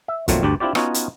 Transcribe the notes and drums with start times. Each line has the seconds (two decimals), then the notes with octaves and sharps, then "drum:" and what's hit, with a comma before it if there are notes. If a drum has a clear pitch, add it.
0.08 E5
0.28 F2 A#2 D#3 F#3 A3 C4, drum: kick, hi-hat
0.43 D2 G2 D4 G4 D5
0.60 C4 D4 E4 F4 G4 D5
0.75 B3 C#4 D#4 F4 F#4 C#5, drum: rim click
0.94 drum: hi-hat